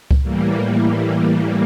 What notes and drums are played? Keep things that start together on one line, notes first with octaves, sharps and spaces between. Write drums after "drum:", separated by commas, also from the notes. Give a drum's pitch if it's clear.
drum: kick C#2
A2 E3 G3 A#3